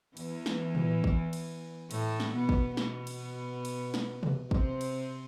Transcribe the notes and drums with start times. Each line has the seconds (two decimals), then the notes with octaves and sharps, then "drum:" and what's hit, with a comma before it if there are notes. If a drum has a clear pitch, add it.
0.17 E2 E3, drum: cymbal
0.46 drum: snare
0.75 drum: tom
1.04 drum: kick
1.33 drum: cymbal
1.91 A2 A3, drum: cymbal
2.20 drum: snare
2.34 B2 B3
2.49 drum: kick
2.77 B2 B3, drum: snare
3.07 drum: cymbal
3.65 drum: cymbal
3.94 drum: snare
4.23 drum: tom
4.51 C3 C4, drum: kick
4.81 drum: cymbal